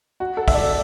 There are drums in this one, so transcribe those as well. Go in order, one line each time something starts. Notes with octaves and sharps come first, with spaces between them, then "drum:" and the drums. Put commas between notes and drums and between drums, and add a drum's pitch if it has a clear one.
F#4
A4
E5, drum: kick, open hi-hat
D5